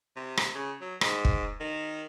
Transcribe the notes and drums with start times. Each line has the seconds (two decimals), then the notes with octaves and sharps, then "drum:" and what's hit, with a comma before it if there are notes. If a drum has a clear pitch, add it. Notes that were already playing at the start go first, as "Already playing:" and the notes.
0.16 C3
0.37 drum: rim click
0.55 C#3
0.81 F#3
1.01 G#2, drum: rim click
1.25 drum: kick
1.61 D#3